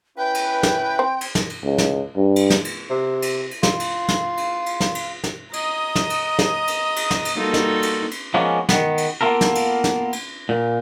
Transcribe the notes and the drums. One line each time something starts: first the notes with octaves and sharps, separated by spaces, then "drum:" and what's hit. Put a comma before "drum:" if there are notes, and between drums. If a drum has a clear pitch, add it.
C#4 E4 B4 G5
drum: cymbal
drum: snare
C4
drum: cymbal
drum: snare
drum: cymbal
C#2
drum: snare
G2
drum: cymbal
drum: snare
drum: cymbal
C3
drum: cymbal
drum: cymbal
F4, drum: snare
drum: cymbal
drum: snare
drum: cymbal
drum: cymbal
drum: snare
drum: cymbal
drum: snare
D#5 A#5 D#6, drum: cymbal
drum: snare
drum: cymbal
drum: snare
drum: cymbal
drum: cymbal
drum: snare
drum: cymbal
G3 A#3 D#4 F4 F#4 A4
drum: snare
drum: cymbal
drum: cymbal
F3 G#3 A#3 B3 C#4
D#3 B3, drum: snare
drum: cymbal
A#3 B3 F4 A4 A#4
drum: snare
drum: cymbal
drum: snare
drum: cymbal
A#2